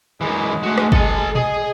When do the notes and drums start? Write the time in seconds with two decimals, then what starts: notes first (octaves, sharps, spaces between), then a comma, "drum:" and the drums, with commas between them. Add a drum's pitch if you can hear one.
0.21 F#2 E3 G#3
0.63 A3 F#4
0.78 drum: rim click
0.92 A4 G#5, drum: kick
1.35 G#4 D#5, drum: tom A#2